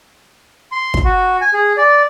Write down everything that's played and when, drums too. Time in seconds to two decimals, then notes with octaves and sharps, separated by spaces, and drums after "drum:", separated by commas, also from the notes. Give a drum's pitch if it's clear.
0.72 C6
0.94 drum: kick
1.05 F#4
1.41 G#5
1.53 G#4
1.77 D5